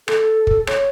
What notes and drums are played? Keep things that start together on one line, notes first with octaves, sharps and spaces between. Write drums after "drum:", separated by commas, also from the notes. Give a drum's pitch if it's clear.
A4, drum: rim click
drum: kick
C#5, drum: rim click